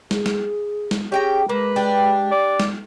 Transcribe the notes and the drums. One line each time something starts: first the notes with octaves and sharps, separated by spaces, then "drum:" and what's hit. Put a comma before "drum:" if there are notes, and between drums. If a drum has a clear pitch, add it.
G#4, drum: snare
drum: snare
drum: snare
C#4 G4 G#4 G5 A#5
G#3 A#3 B4
D4 G4
D5
drum: snare